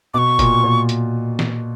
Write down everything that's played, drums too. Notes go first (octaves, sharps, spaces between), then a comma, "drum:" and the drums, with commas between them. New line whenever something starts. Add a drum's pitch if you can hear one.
B2 D6
C#6
A#2, drum: kick, hi-hat
A#2
drum: hi-hat
drum: snare